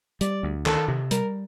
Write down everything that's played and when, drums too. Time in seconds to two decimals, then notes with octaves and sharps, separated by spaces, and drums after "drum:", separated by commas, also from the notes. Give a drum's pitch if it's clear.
0.21 G3 D5, drum: hi-hat
0.43 D2
0.66 D#3 A4, drum: clap
0.88 C3
1.11 G3 A#4, drum: hi-hat